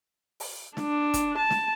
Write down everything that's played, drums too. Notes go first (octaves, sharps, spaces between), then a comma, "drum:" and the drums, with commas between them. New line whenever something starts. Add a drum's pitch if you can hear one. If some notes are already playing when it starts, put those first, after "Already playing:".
drum: open hi-hat
D4, drum: snare
drum: kick, hi-hat
A5
drum: snare